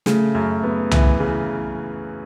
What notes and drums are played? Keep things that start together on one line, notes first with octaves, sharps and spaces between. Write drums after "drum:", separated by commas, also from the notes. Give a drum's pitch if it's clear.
C#3 A3, drum: snare
F#2
B3
E3, drum: tom C2
C#3